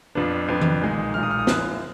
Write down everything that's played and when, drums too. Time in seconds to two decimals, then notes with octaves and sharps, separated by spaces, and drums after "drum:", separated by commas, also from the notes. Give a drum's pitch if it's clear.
0.15 F2 F3 B3 D4
0.49 F2 F3 B3 D4
0.61 drum: tom D#3
0.81 B1 A#2 G#3 D#4
1.14 B1 A#2 G#3 D#4 F6
1.23 D#6
1.31 F6
1.39 D#6
1.47 F#1 F#2 F3 F#6, drum: snare